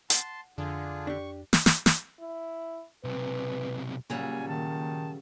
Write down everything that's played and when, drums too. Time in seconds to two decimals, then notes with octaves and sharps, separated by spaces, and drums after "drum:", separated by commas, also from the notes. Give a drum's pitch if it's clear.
0.10 F#5 A5 C6, drum: hi-hat
0.58 F2 D3 D4 F4 G#4
1.07 D4 G4 C#6
1.53 drum: snare
1.66 drum: snare
1.86 drum: snare
2.20 E4
3.04 B1 C3 B4
4.10 A#2 C#3 F#3 G3 G#5
4.48 D#3 A5